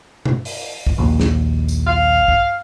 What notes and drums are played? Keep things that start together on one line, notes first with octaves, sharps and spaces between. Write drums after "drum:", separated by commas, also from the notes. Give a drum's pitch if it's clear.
drum: tom B2
drum: open hi-hat
drum: kick
A#1 D#2
drum: snare
drum: tambourine
F5
drum: kick